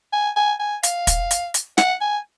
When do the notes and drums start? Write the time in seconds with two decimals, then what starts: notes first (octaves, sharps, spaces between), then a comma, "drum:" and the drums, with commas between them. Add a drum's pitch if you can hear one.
0.13 G#5
0.36 G#5
0.60 G#5
0.83 F5, drum: hi-hat
1.07 drum: kick, hi-hat
1.31 drum: hi-hat
1.54 drum: hi-hat
1.78 F#5, drum: snare
2.01 G#5